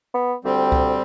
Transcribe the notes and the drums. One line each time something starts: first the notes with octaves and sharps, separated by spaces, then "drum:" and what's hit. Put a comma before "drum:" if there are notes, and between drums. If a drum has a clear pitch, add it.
B3
D2 G3 C4
drum: kick C2